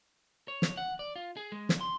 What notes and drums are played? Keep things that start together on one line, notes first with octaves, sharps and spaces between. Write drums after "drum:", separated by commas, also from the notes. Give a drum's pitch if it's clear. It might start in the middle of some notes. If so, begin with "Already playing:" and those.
C#5
drum: snare
F#5
D5
F4
G#4
G#3
drum: snare
C6